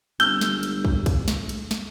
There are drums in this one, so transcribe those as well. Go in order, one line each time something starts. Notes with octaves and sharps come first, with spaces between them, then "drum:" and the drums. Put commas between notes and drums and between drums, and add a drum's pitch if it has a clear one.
G1 E6 F6 G6, drum: cymbal
drum: snare
drum: cymbal
drum: kick
drum: kick, cymbal
drum: snare
drum: cymbal
drum: snare